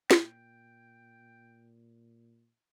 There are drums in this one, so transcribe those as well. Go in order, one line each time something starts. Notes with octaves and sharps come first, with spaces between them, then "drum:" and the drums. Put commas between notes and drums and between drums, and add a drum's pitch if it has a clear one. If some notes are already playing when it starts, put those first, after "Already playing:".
A#2 G5, drum: snare